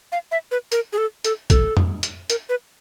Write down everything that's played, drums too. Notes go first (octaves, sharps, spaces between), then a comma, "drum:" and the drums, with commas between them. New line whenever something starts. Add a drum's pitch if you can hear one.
F5
E5
B4
A#4, drum: hi-hat
G#4
A4
A4, drum: hi-hat
A4, drum: kick, hi-hat
drum: tom
drum: hi-hat
A#4, drum: hi-hat
B4